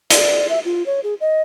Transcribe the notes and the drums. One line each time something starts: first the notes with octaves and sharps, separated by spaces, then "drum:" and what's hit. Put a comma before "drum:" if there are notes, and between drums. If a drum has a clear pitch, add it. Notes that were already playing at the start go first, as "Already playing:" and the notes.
D5, drum: hi-hat
E5
F4
C#5
G#4
D#5